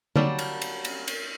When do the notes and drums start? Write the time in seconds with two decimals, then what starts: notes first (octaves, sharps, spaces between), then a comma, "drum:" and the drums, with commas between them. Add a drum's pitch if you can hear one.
0.16 F#3 G3 A#3 D4, drum: tom D3
0.39 drum: cymbal
0.62 drum: cymbal
0.85 drum: cymbal
1.08 drum: cymbal